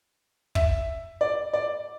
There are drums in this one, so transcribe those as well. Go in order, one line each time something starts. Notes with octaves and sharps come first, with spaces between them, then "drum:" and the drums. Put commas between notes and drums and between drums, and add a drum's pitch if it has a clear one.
E5, drum: kick
D5
D5